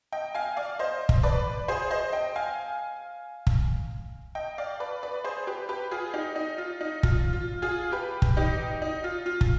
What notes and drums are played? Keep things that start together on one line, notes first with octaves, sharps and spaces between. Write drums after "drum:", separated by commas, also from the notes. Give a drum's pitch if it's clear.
D#5 G5
F5 G#5
D5 F5
C5 D#5
drum: kick
B4 D5
G#4 C5
C5 D#5
D#5 G5
F5 G#5
drum: kick
D#5 G5
D5 F5
B4 D5
B4 D5
G#4 C5
G4 B4
G4 B4
F4 G#4
D#4 G4
D#4
F4
D#4
F4, drum: kick
F4
F4 G#4
G4 B4
drum: kick
D#4 G4
D#4
F4
F4
drum: kick